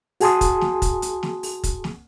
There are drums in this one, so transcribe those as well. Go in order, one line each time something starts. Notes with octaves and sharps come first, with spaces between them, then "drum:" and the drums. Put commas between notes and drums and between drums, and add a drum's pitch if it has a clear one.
F#4 G#4 G#5 A5 C6 D#6, drum: open hi-hat
drum: kick, hi-hat
drum: snare
drum: kick, hi-hat
drum: hi-hat
drum: snare
drum: open hi-hat
drum: kick, hi-hat
drum: snare